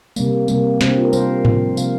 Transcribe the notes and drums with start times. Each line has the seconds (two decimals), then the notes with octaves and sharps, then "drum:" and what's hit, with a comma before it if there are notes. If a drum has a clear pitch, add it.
0.16 C3 G3 A#3, drum: tambourine
0.48 C3 G3 A#3, drum: tambourine
0.81 C3 G3 A#3 C4, drum: snare
0.89 D4
0.97 F4
1.05 A#4
1.13 C3 G3 A#3 C5, drum: tambourine
1.45 C3 F3 A#3, drum: tom G#2
1.77 C3 F3 A#3 F5, drum: tambourine